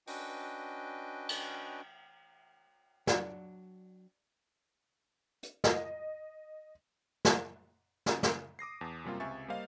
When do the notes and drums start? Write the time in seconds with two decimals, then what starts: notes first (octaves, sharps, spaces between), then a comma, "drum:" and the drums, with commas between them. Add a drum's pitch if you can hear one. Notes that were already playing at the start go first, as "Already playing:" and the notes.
0.07 C#4 D4 F#4 B4 D#5 G5, drum: open hi-hat
1.29 drum: cymbal
3.07 F#3 D4 D5, drum: snare
5.43 drum: hi-hat
5.64 D#5, drum: snare
7.25 drum: snare
8.06 C#3, drum: snare
8.23 drum: snare
8.59 D6 D#6 A#6 C7
8.81 E2 A5
9.04 F#2 C3 G3 A#3 F4
9.20 C#2 C3 E5 G#5 C#6 A6
9.48 G3 A#3 C5 D#5 F5